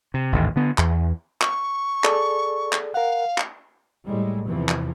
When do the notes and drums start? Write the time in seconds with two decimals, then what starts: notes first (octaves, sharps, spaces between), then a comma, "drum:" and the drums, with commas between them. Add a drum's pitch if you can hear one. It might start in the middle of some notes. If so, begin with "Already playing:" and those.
0.14 C3
0.32 A1 D#2 G#2
0.56 D3 B3
0.78 E2, drum: clap
1.41 C#6, drum: clap
2.04 G#4 A4 D5, drum: clap
2.72 drum: clap
2.94 A#4 F5 F#5
3.38 drum: clap
4.07 A2 G3 G#3
4.47 E2 C3 E3 F3
4.69 drum: clap